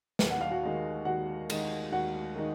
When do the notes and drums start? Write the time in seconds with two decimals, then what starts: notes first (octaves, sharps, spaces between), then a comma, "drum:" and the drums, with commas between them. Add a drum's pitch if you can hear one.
0.19 D#2, drum: snare
0.30 F#5
0.41 F5
0.51 F#4 F#5
0.63 D#3 G#3 D#4
1.05 D#2 F#4 F#5
1.50 D#3 G#3 D#4, drum: cymbal
1.92 D#2 F#4 F#5
2.36 D#3 G#3 D#4